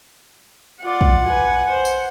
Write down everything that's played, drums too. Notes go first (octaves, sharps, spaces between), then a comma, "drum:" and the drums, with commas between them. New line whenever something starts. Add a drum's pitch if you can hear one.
F4 D5 F#5
drum: kick
B4 G#5
C5
drum: tambourine